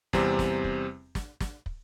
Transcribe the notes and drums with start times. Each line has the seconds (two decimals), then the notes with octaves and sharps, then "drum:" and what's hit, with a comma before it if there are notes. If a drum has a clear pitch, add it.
0.13 E2 C3 G3 C4, drum: snare
0.39 drum: snare
0.64 drum: kick
1.15 drum: snare
1.40 drum: snare
1.66 drum: kick